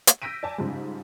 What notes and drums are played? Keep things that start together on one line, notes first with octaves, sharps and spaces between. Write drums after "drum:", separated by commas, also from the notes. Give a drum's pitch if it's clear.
drum: hi-hat
E6 G6 A#6 B6 D7 D#7
D5 G#5 A5
G#2 C#3 F3 G3 G#3